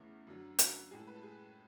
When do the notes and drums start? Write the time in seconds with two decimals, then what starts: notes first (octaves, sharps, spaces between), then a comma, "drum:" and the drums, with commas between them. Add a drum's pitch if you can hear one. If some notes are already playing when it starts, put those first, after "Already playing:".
Already playing: E2 C#3 A3 E4
0.27 F#2 D3 F#3
0.59 F#4, drum: hi-hat
0.91 A2 G#3 G#4
0.99 A4
1.07 B4
1.15 A4
1.23 G#4